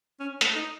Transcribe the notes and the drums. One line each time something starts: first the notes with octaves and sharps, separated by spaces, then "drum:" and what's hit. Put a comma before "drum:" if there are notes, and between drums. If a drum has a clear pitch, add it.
C#4
A3, drum: hi-hat
D#4